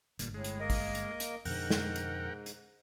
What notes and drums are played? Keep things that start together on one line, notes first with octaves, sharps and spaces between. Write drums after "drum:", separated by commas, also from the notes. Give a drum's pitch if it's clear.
G1 G2 A#2, drum: hi-hat
A2 G#3
drum: hi-hat
A#3 A#4 D#5
drum: kick G#1, open hi-hat
drum: hi-hat
drum: hi-hat
F2 G#2 B2 D3 A#4 F#5 G5, drum: open hi-hat
drum: snare
drum: hi-hat
drum: hi-hat